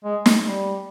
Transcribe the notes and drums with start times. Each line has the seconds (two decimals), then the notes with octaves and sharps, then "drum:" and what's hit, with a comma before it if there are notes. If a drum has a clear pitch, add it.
0.05 G#3
0.26 drum: snare
0.41 G3